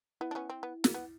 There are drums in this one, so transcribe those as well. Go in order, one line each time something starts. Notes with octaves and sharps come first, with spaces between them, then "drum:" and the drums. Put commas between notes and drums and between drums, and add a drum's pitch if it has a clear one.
B3 E4
D4
B3 C#4
C4
B3
A#3, drum: snare
B3